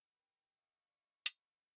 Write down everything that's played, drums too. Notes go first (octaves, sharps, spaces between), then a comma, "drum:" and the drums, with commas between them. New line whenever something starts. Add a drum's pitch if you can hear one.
F#4 A#4 B4 F#5 G5
D#5 F5 C#6
E4 D5 F5
F5 B5 E6, drum: hi-hat